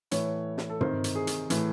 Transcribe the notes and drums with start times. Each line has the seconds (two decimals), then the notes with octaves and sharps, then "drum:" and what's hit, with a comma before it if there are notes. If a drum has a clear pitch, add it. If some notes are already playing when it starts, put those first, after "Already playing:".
0.11 A2 E3 C#5, drum: hi-hat
0.58 drum: snare
0.70 A4
0.81 C3 D#3 C5, drum: tom
1.04 drum: hi-hat
1.15 G#4
1.27 drum: hi-hat
1.50 A2 E3, drum: hi-hat